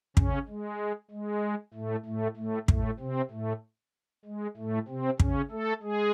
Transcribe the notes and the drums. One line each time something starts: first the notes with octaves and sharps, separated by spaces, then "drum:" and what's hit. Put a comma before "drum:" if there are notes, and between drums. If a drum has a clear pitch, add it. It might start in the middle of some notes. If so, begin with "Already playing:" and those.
C#3 C#4, drum: kick
G#3
G#3
A2 A3
A2 A3
A2 A3
A2 A3, drum: kick
C3 C4
A2 A3
G#3
A2 A3
C3 C4
C#3 C#4, drum: kick
A3 A4
G#3 G#4